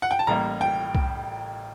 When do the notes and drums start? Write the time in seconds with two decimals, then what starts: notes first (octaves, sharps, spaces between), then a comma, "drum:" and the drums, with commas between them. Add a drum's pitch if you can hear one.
0.02 F#5
0.11 G5
0.19 A5
0.27 A1 A2 G3 A#3 A#5
0.61 G5
0.95 drum: kick C2